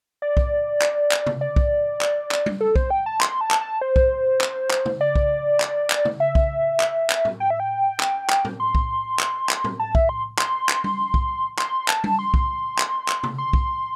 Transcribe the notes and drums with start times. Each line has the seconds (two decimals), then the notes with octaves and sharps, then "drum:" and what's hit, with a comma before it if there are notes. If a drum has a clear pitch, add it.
0.22 D5
0.37 drum: kick B1
0.82 drum: clap
1.12 drum: clap
1.27 drum: tom C3
1.41 D5
1.56 drum: kick B1
2.01 drum: clap
2.31 drum: clap
2.46 drum: tom G3
2.61 A4
2.76 C5, drum: kick B1
2.90 G5
3.06 A5
3.21 C6, drum: clap
3.41 A5
3.51 drum: clap
3.61 A5
3.81 C5
3.96 drum: kick B1
4.41 drum: clap
4.71 drum: clap
4.86 drum: tom C#3
5.01 D5
5.16 drum: kick B1
5.60 drum: clap
5.90 drum: clap
6.05 drum: tom C#3
6.20 E5
6.35 drum: kick B1
6.80 drum: clap
7.10 drum: clap
7.25 drum: tom A2
7.40 G5
7.50 E5
7.60 G5
8.00 drum: clap
8.30 drum: clap
8.45 drum: tom A2
8.60 C6
8.75 drum: kick B1
9.20 drum: clap
9.49 drum: clap
9.64 drum: tom A2
9.80 A5
9.95 E5, drum: kick B1
10.09 C6
10.39 C6, drum: clap
10.69 drum: clap
10.84 drum: tom G3
11.14 drum: kick B1
11.59 C6, drum: clap
11.88 A5, drum: clap
12.04 drum: tom G3
12.19 C6
12.34 drum: kick B1
12.79 drum: clap
13.09 drum: clap
13.23 drum: tom C3
13.38 C6
13.53 drum: kick B1